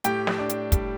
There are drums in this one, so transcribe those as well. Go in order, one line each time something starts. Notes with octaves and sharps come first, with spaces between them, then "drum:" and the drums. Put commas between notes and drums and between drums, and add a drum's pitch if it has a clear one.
A2 G4 G5, drum: hi-hat
drum: snare
D4
drum: hi-hat
G3, drum: kick, hi-hat